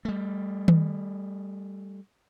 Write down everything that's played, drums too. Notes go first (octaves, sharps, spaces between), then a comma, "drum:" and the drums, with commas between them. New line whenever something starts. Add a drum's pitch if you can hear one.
G3 A3
drum: tom D#3